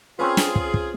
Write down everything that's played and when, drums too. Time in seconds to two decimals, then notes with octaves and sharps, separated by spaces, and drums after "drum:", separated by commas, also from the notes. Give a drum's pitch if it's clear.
0.19 C4 C#4 F4 G#4 B4
0.37 drum: snare
0.55 drum: kick
0.74 drum: kick